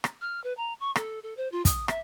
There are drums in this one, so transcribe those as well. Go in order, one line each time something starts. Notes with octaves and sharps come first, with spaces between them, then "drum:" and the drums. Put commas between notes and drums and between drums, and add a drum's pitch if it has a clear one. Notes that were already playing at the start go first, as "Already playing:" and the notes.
drum: rim click
F6
B4
A#5
C#6
A4, drum: rim click
A4
C5
F4
D#6, drum: kick, hi-hat
E5, drum: rim click